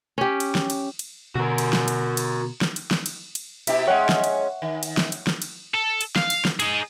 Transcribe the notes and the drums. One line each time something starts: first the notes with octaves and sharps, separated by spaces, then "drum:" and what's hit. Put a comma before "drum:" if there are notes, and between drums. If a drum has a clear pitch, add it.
C#4 G4
drum: cymbal
drum: snare
drum: cymbal
drum: cymbal
B2 D3 F#4 A#4
drum: cymbal
drum: snare
drum: cymbal
drum: cymbal
drum: snare
drum: cymbal
drum: snare
drum: cymbal
drum: cymbal
B2 E4 G4 E5, drum: cymbal
G#3 C#4 C#5 F#5 G5
drum: snare
drum: cymbal
D#3
drum: cymbal
drum: snare
drum: cymbal
drum: snare
drum: cymbal
A4
drum: cymbal
F5, drum: snare
drum: cymbal
drum: snare
D#4 G#4, drum: cymbal